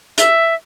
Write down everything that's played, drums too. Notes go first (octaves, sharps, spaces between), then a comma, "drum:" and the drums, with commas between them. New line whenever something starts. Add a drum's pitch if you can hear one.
E5, drum: hi-hat